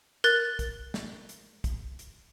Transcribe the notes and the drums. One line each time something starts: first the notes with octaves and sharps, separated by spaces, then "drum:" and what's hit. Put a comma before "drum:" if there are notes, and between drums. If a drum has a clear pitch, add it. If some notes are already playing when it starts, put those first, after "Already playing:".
A#4 F#6 A6, drum: hi-hat
drum: kick, hi-hat
drum: snare
drum: hi-hat
drum: kick, hi-hat
drum: hi-hat